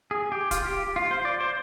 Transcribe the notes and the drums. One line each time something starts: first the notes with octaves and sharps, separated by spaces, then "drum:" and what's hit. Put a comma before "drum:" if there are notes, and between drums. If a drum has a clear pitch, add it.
G#4
G4
F4, drum: kick, hi-hat
G4
F4
C5
D5
C5